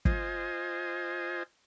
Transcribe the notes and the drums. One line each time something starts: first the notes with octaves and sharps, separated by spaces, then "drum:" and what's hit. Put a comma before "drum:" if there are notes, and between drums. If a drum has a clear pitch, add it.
F4 C5 D#5 G#5, drum: kick